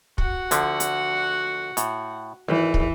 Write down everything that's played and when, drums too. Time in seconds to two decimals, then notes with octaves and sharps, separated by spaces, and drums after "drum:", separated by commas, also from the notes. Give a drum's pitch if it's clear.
0.18 F#4 F#5, drum: kick
0.51 D2 D3 F3, drum: hi-hat
0.80 drum: hi-hat
1.77 A2, drum: hi-hat
2.48 G#1 E3
2.74 drum: kick